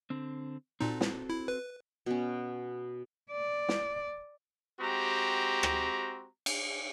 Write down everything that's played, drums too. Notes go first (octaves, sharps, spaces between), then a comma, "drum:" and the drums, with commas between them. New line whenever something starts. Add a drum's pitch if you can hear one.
D3 C4
A#2 C4 D#4 F#4 A4
drum: snare
E4
B4
B2 C#4
D5
drum: snare
G#3 C4 F#4 G4 A#5
drum: rim click
drum: cymbal